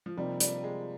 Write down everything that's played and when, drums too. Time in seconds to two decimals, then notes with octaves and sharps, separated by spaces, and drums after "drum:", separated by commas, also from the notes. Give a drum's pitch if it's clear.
0.06 F3
0.17 C3 F3 G3 A#3 D#4
0.40 G3, drum: hi-hat
0.64 G#3